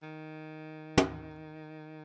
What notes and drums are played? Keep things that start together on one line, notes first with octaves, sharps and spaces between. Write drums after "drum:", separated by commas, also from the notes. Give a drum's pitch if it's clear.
D#3
drum: tom